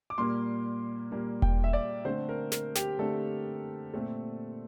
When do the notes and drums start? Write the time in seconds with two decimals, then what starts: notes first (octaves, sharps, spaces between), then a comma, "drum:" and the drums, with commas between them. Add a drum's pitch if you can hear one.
0.10 D6
0.18 A#2 G3 A#3 C6
1.11 A#2 G3 A#3
1.42 G5, drum: kick E1
1.64 E5
1.73 D5
2.05 D3 A3 C4 C5
2.29 A#4
2.52 A#4, drum: snare
2.75 G4, drum: snare
2.99 D3 A3 C4 A4
3.94 A#2 A3 C4